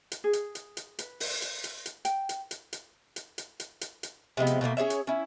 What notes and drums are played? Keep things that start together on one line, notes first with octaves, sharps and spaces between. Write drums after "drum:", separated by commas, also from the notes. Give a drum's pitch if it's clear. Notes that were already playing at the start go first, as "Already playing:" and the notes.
drum: hi-hat
G#4
drum: hi-hat
drum: hi-hat
drum: hi-hat
B4, drum: hi-hat
drum: open hi-hat
drum: hi-hat
drum: hi-hat
drum: hi-hat
G5, drum: hi-hat
drum: hi-hat
drum: hi-hat
drum: hi-hat
drum: hi-hat
drum: hi-hat
drum: hi-hat
drum: hi-hat
drum: hi-hat
C3 F3 G#3 B3
drum: hi-hat
B2 F3 A3 A#3
C#4 G#4 C#5 E5
drum: hi-hat
C#4 E4